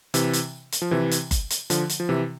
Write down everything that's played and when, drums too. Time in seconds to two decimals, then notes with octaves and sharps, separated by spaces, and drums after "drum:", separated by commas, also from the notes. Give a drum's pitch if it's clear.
0.14 C3 E3, drum: hi-hat
0.33 drum: hi-hat
0.72 drum: hi-hat
0.82 F3
0.91 C3 E3
1.11 drum: hi-hat
1.31 drum: kick F#1, hi-hat
1.50 drum: hi-hat
1.70 D3 F3, drum: hi-hat
1.89 drum: hi-hat
2.00 F3
2.09 C3 E3